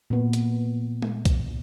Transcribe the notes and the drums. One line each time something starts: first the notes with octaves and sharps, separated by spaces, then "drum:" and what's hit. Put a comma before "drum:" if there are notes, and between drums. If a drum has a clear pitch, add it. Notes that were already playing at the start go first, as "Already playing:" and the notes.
A#2 B3
drum: hi-hat
drum: tom G#3
drum: kick B1, hi-hat